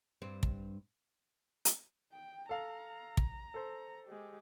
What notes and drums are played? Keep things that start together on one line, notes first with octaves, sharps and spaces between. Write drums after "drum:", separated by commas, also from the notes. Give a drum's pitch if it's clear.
G2 C4
drum: kick
drum: hi-hat
G5
A4 F5 A#5
drum: kick
A4 C5
G#3 G4